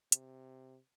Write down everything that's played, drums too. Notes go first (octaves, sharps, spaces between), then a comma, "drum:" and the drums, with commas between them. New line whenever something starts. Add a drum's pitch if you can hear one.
C3, drum: hi-hat